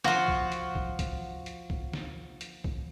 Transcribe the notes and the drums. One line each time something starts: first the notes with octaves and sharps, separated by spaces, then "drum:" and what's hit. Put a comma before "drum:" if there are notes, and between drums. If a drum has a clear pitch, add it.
F3 F4 F#4, drum: snare
drum: kick
drum: hi-hat
drum: kick
drum: kick, hi-hat
drum: hi-hat
drum: kick
drum: snare
drum: hi-hat
drum: kick